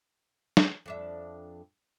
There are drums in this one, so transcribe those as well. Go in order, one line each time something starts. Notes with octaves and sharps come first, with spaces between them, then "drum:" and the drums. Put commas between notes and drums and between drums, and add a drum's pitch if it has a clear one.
drum: snare
F2 D4 E5